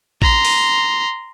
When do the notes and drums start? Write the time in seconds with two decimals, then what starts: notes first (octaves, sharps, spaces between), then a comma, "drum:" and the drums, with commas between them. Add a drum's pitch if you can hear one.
0.22 A#5 C6, drum: kick
0.45 drum: open hi-hat